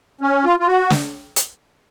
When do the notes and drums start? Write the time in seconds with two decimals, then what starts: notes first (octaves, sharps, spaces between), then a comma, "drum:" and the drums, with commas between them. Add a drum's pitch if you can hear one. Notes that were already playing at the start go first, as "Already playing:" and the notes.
0.21 C#4
0.44 F4
0.60 F4
0.67 F#4
0.90 drum: snare
1.36 drum: hi-hat